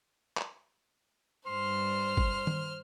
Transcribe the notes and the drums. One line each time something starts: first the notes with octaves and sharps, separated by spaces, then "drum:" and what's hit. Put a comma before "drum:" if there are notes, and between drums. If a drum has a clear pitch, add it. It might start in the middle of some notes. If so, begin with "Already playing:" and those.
drum: clap
G2 C5 C6 F6
drum: kick G1
drum: tom D#3